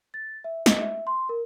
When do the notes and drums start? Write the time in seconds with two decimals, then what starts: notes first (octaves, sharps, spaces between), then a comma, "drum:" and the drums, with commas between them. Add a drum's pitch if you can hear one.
0.14 A6
0.44 E5
0.66 D#5, drum: snare
0.81 E5
1.07 C6
1.29 A#4